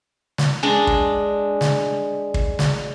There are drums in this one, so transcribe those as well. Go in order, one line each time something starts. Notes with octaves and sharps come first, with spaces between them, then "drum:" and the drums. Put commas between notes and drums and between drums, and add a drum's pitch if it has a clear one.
drum: snare
G#3 D4
drum: kick
drum: snare
drum: kick
drum: snare